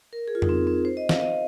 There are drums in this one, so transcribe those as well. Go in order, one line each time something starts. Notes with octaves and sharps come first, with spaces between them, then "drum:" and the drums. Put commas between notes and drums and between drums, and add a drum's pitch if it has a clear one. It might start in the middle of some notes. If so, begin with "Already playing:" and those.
A#4
G#4
F4
D#4, drum: tom F2
C4
C4
C5
D#5
F5, drum: snare
D#5